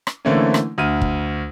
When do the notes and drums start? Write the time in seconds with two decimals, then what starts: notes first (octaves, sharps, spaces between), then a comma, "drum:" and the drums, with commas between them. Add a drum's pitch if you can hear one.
0.07 drum: rim click
0.25 D3 E3 A3 A#3 C4 C#4
0.54 drum: rim click
0.78 D2 F6 D#7
1.01 drum: kick